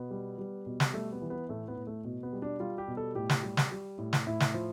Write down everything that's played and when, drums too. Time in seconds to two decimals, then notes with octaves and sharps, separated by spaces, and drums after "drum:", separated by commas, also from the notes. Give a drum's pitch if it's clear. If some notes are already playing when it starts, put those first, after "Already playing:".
Already playing: B2 B3
0.11 G3
0.38 G3
0.66 B2
0.80 drum: snare
0.93 G3 A3
1.12 B3
1.22 E3
1.30 B3
1.49 A2 A3
1.68 B3
1.77 A2
1.87 A3
2.04 B2
2.23 B3
2.33 G3
2.42 D4
2.60 G3 F4
2.78 G4
2.88 B2
2.97 A4
3.15 A2 G4
3.29 drum: snare
3.43 G3
3.57 drum: snare
3.71 G3
3.98 A2
4.13 drum: snare
4.27 A2 E4
4.40 drum: snare
4.54 F3